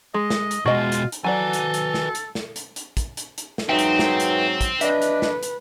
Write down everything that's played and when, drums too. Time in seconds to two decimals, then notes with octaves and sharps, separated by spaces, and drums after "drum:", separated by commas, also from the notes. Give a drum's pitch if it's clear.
0.14 G#3 D#5
0.30 drum: snare
0.51 drum: hi-hat
0.66 B2 G#3 F4 F#4 D#5 G#5
0.92 drum: hi-hat
1.12 drum: hi-hat
1.24 F#3 F#4 A4 B4 D5 G#5
1.53 drum: hi-hat
1.74 drum: hi-hat
1.94 drum: snare
2.15 drum: hi-hat
2.35 drum: snare
2.56 drum: hi-hat
2.76 drum: hi-hat
2.97 drum: kick, hi-hat
3.17 drum: hi-hat
3.38 drum: hi-hat
3.58 drum: snare
3.69 G#2 F#3 C4 D#4 B4 E5 G5
3.79 drum: hi-hat
3.99 drum: snare
4.20 drum: hi-hat
4.61 drum: kick, hi-hat
4.81 D4 B4 D#5 E5, drum: hi-hat
5.02 drum: hi-hat
5.22 drum: snare
5.43 drum: hi-hat